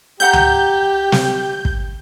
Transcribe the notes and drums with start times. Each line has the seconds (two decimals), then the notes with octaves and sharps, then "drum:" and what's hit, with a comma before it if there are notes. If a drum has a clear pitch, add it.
0.20 G4 E5 F#5 A#5 G6
0.33 drum: tom C#2
1.12 drum: snare
1.65 drum: kick